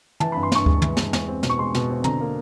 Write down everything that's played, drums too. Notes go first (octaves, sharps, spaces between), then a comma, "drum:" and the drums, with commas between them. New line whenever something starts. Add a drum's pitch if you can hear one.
E3 A5, drum: tom
G2 B5
C6
G2 C#6, drum: snare
G#3, drum: kick D2
E3, drum: tom
G#3, drum: snare
E2, drum: snare
C4
B2, drum: snare
C#6
G#3 C6
B2, drum: snare
C4
D3 A#5, drum: tom
A#3